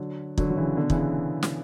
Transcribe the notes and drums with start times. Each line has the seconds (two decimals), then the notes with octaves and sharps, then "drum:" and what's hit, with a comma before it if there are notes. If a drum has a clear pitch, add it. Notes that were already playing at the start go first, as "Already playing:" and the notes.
Already playing: D3 F#3
0.38 D3 F#3, drum: kick
0.50 F#3
0.57 C#3 E3
0.77 B2 D3
0.90 C#3 E3, drum: kick
1.43 drum: snare